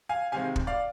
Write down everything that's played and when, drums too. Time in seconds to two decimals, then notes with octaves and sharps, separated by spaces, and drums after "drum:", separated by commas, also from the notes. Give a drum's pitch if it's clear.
0.09 F5 G#5
0.32 C3 D#3 G#3 C4 F5 G#5
0.56 drum: kick
0.67 D5 F5